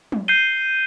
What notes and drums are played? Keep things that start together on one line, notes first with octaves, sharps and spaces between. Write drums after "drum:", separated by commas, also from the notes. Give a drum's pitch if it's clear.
drum: tom
G6 C7 D#7 G7